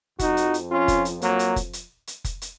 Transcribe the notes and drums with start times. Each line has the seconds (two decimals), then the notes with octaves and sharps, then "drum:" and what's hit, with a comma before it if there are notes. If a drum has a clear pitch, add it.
0.19 F2 F3 D#4 F#4, drum: kick F1, hi-hat
0.37 drum: hi-hat
0.54 drum: hi-hat
0.71 C#4 F4
0.88 drum: kick F1, hi-hat
1.05 drum: hi-hat
1.22 F#3 A#3, drum: hi-hat
1.39 drum: hi-hat
1.56 drum: kick F1, hi-hat
1.73 drum: hi-hat
2.07 drum: hi-hat
2.24 drum: kick F1, hi-hat
2.42 drum: hi-hat